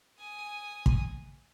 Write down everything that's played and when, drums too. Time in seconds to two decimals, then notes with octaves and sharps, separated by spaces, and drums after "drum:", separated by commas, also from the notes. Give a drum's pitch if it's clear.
0.19 G#5 D#6
0.86 drum: kick